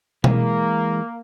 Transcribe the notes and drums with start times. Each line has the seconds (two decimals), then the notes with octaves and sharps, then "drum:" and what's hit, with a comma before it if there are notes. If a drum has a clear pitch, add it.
0.24 E3 G#3 A#3, drum: tom B2